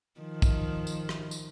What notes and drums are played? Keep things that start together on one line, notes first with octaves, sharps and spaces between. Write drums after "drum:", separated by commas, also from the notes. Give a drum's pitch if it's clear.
D#3 F3
drum: kick, tambourine
drum: tambourine
drum: rim click
drum: tambourine